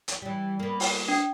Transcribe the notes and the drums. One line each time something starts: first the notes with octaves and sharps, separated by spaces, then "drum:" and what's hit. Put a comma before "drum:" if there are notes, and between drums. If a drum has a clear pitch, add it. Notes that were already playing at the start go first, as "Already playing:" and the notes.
drum: hi-hat
E3 G3
A#3 B3
drum: open hi-hat
D4